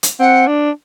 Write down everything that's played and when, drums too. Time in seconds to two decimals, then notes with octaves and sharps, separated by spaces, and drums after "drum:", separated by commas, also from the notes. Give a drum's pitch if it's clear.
0.03 drum: hi-hat
0.19 C4 F#5
0.47 D4